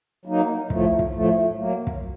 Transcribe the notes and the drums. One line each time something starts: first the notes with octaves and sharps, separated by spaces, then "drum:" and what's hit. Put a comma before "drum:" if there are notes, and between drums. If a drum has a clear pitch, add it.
F#3 A#3 D#4
A2 F3 A3, drum: kick
drum: kick
A2 F3 A3
F#3 A#3
drum: kick